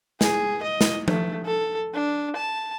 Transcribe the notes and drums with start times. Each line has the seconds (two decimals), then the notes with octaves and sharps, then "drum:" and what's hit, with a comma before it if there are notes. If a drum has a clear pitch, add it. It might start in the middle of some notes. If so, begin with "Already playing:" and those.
0.21 G#4, drum: snare
0.63 D#5
0.81 drum: snare
1.08 A3, drum: tom F3
1.46 A4
1.94 D4
2.36 A5